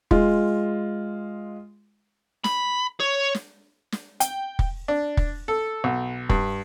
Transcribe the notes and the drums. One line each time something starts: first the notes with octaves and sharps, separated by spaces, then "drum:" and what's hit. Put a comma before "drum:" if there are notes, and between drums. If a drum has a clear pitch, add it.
G#3 F4, drum: kick
B5, drum: snare
C#5
drum: snare
drum: snare
G5, drum: hi-hat
drum: kick
D4
drum: kick
A4
B1
G2, drum: kick